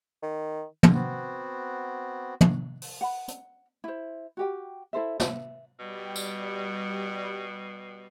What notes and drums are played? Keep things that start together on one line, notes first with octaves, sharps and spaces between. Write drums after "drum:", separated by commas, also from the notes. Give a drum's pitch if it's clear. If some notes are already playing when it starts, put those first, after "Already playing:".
D#3
drum: tom
B3 C4 F#4
drum: tom
drum: open hi-hat
F#5 B5
drum: hi-hat
E4 C5
F#4 G4 G5
E4 A4 C5 E5
B4 E5, drum: snare
B2 G3
drum: tambourine